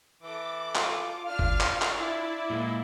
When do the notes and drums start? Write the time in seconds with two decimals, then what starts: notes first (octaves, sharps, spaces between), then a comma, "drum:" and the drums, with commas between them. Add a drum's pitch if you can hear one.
0.23 E3 A4 D6
0.75 F4, drum: clap
1.28 D4 F5 F6
1.39 drum: kick F#1
1.61 drum: clap
1.82 drum: clap
1.98 E4 D5
2.50 A#2 G#3 A#3